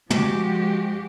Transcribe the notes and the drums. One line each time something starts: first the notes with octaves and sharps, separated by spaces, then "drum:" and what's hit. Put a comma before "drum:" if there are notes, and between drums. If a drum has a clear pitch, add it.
F3 G#3 F#4 G4, drum: tom